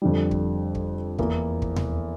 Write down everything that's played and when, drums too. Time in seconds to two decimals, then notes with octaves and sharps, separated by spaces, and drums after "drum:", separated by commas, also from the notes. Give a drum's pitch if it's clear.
0.02 F2 D3 G3
0.31 drum: kick
0.75 drum: kick
1.18 E2 E3 A#3, drum: kick
1.62 drum: kick
1.76 drum: tom D#2